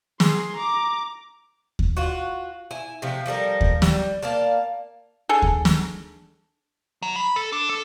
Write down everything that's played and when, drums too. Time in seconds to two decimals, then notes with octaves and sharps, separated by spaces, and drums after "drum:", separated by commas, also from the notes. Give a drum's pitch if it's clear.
0.20 G#4 C6, drum: snare
0.56 A#5 D6
1.79 drum: kick D#2
1.97 F4 F#4
2.71 E4 G#5
3.02 C3 F3 A3
3.26 F3 G3 A4 A#4
3.61 drum: kick D#2
3.82 G3, drum: snare
4.22 A#3 D5 F5 A5
5.29 D4 G#4 A4
5.42 drum: kick D#2
5.65 drum: snare
7.02 F#3
7.16 B5
7.36 A4
7.52 D4
7.69 A4